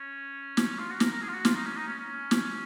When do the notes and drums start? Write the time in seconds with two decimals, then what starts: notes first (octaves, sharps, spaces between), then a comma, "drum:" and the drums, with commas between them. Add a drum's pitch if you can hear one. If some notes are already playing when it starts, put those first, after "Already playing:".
Already playing: C#4
0.57 drum: snare
0.79 F4
0.90 F#4
1.00 A#4, drum: snare
1.12 A#4
1.22 G#4
1.28 F4
1.33 F#4
1.45 F4, drum: snare
1.55 D#4
1.66 C#4
1.77 D#4
1.87 C#4
1.99 C#4
2.31 drum: snare